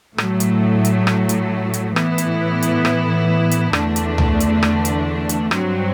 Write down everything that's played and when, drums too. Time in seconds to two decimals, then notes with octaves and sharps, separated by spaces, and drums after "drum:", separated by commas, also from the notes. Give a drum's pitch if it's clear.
0.18 A2 F#3 A3, drum: rim click
0.40 drum: hi-hat
0.85 drum: hi-hat
1.07 drum: rim click
1.29 drum: hi-hat
1.74 drum: hi-hat
1.96 A2 E3 B3 E4, drum: rim click
2.18 drum: hi-hat
2.62 drum: hi-hat
2.85 drum: rim click
3.51 drum: hi-hat
3.73 E2 D3 A3 D4, drum: rim click
3.96 drum: hi-hat
4.18 drum: tom C#2
4.40 drum: hi-hat
4.63 drum: rim click
4.85 drum: hi-hat
5.29 drum: hi-hat
5.51 G2 F#3 C4, drum: rim click